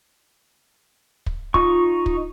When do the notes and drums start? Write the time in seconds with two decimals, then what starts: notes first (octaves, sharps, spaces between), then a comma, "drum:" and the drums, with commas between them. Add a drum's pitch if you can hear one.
1.26 drum: kick
1.54 D#4 F4 C#6, drum: kick
2.06 drum: kick